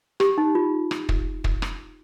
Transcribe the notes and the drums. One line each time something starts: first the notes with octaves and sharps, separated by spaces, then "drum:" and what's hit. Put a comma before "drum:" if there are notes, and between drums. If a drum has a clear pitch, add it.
G4, drum: rim click
D#4
F4
drum: rim click
drum: kick
drum: kick
drum: rim click